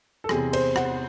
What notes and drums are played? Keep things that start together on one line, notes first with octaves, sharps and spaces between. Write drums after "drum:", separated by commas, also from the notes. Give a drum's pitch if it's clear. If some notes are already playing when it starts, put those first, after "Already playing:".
A4
E2 C3 E3 G#4, drum: rim click
C5, drum: cymbal
F#5, drum: rim click